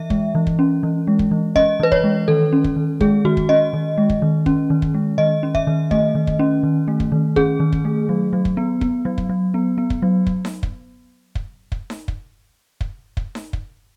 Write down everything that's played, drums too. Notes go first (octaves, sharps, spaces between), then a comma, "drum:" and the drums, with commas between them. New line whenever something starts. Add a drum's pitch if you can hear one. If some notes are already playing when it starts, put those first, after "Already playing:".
Already playing: E3 E5
G#3, drum: kick
E3
drum: kick
C#4
E3
G#3
drum: kick
E3
C#4 D#5, drum: kick
E3 B4
C#5, drum: kick
G#3
D#3 A4
C#4
drum: kick
D#3
G#3 G#4, drum: kick
D#3 F#4
drum: kick
C#4 D#5
D#3
G#3
drum: kick
D#3
C#4, drum: kick
D#3
drum: kick
G#3
D#3 D#5
C#4
E5, drum: kick
D#3
A3 D#5, drum: kick
D#3
drum: kick
C#4
D#3
A3
drum: kick
D#3
C#4 G#4, drum: kick
D#3
drum: kick
A3
F#3
F#3
drum: kick
B3
B3, drum: kick
F#3
drum: kick
F#3
B3
B3
drum: kick
F#3
drum: kick
drum: snare D#4
drum: kick
drum: kick
drum: kick
drum: snare D#4
drum: kick
drum: kick
drum: kick
drum: snare D#4
drum: kick